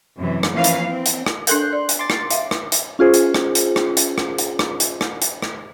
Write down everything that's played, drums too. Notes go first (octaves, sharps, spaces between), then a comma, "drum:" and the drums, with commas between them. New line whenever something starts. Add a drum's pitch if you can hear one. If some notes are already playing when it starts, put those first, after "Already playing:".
F#2 C3 E3
drum: rim click
E3 F3 A#3 C#4 B4 F5
drum: hi-hat
C4
drum: hi-hat
drum: rim click
D4 A4 A#4 C6 F#6 G6, drum: hi-hat
D5
drum: hi-hat
C6 D6 A6
drum: rim click
E5 F5, drum: hi-hat
drum: rim click
drum: hi-hat
C#4 F4 G#4 C5
drum: hi-hat
drum: rim click
drum: hi-hat
drum: rim click
drum: hi-hat
drum: rim click
drum: hi-hat
drum: rim click
drum: hi-hat
drum: rim click
drum: hi-hat
drum: rim click